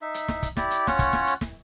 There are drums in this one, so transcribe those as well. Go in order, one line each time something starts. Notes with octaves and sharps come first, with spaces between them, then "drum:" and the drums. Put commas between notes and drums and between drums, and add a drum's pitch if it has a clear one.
D#4 E5
drum: hi-hat
drum: snare
drum: kick, hi-hat
E4 G4 D5, drum: snare
drum: hi-hat
C#4 F4 C#5 F#5, drum: snare
drum: kick, hi-hat
drum: snare
drum: hi-hat
drum: snare